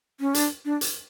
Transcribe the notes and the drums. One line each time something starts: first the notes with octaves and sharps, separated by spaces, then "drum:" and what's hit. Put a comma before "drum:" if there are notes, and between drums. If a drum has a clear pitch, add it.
C#4
D4, drum: hi-hat
D4
drum: hi-hat